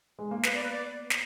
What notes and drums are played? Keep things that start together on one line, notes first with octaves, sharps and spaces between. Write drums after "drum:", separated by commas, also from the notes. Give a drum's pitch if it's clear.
G#3
A#3
B3 B4, drum: snare
D5
B4
D5
drum: snare